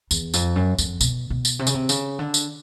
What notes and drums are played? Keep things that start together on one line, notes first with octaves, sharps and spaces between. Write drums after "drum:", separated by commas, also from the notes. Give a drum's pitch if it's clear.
E2, drum: tambourine
F2, drum: tambourine
F#2
F2, drum: tambourine
B2, drum: tambourine
B2
drum: tambourine
C3
C#3, drum: tambourine
C3
C#3, drum: tambourine
D3
drum: tambourine